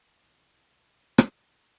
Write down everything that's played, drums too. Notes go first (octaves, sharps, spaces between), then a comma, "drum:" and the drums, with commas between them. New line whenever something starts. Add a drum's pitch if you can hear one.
C2 B2 E3
drum: rim click